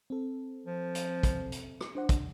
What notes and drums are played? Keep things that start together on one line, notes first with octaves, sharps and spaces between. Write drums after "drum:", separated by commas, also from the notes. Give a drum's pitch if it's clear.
C4 A4
F3
drum: hi-hat
drum: kick, hi-hat
drum: hi-hat
drum: rim click
D4 C5 F#5
drum: kick, hi-hat